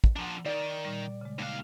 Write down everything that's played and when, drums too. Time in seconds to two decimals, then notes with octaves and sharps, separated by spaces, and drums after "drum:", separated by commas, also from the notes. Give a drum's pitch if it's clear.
0.04 drum: kick
0.16 F3 D4 F#5 G#5 A#5
0.46 D#3 D5
0.85 A#2 G3
1.21 C#3 G#3
1.39 D#2 F5 D6 F#6